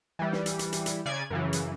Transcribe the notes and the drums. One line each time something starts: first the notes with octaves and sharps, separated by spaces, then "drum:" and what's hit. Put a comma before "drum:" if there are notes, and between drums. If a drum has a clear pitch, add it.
E3 G3
drum: snare
drum: hi-hat
drum: hi-hat
drum: hi-hat
drum: hi-hat
C#3 D5 G#5 G#6
F#2 C#3 E3
drum: hi-hat